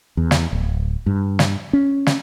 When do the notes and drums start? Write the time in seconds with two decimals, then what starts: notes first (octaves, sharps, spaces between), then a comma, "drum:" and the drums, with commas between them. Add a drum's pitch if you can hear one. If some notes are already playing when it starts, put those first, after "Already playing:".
0.17 E2
0.31 drum: snare
0.53 D1
1.06 G2
1.39 drum: snare
1.73 C#4
2.06 drum: snare